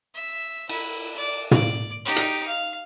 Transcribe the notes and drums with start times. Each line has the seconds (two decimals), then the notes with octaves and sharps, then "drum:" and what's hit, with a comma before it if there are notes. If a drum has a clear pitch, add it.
0.14 E5
0.69 E4, drum: cymbal
1.16 D5
1.51 D5, drum: tom
2.05 D#4 G4
2.16 drum: hi-hat
2.47 F5